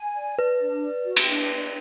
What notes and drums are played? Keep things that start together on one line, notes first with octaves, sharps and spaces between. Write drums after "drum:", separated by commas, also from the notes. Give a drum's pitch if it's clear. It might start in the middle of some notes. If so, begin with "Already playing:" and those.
Already playing: G#5
D5
B4 D5
D4
D5
F#4
drum: cymbal
D4
D5